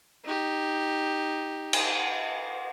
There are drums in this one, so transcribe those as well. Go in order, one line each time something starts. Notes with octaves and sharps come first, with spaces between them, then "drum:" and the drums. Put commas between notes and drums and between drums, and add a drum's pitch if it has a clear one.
D#4 G4
drum: cymbal